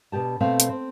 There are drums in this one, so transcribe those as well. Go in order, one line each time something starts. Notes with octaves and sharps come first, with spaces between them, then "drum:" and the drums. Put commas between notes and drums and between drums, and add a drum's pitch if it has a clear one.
B2 D4 G4 A5
B2 A3 C4 F5
drum: hi-hat
C4